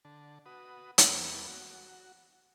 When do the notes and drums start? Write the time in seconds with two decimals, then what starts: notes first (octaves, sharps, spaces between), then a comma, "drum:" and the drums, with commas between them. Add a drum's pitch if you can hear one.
0.05 D3 A5
0.46 F#4 B4 D#6
0.98 E2 G3 A#3 B3, drum: hi-hat
1.47 F#4